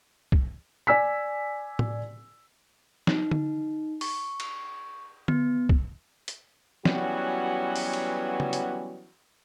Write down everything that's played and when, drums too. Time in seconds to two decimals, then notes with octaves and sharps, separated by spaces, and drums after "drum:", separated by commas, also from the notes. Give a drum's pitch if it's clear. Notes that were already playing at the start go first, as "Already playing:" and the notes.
0.32 drum: kick
0.87 D5 G#5 E6 B6
1.79 drum: tom A2
3.07 D#4, drum: snare
3.31 drum: tom D3
4.01 C#6, drum: open hi-hat
4.40 drum: cymbal
5.28 B3, drum: tom D3
5.69 drum: kick
6.28 drum: hi-hat
6.85 E3 F#3 G3 B3 C#4 F#4, drum: snare
7.76 drum: open hi-hat
7.93 drum: cymbal
8.40 drum: tom C#3
8.53 drum: hi-hat